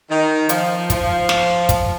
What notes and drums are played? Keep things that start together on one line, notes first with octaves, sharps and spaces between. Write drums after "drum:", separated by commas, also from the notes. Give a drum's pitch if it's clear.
D#3
F3, drum: hi-hat
F3, drum: kick, hi-hat
drum: snare
drum: kick, hi-hat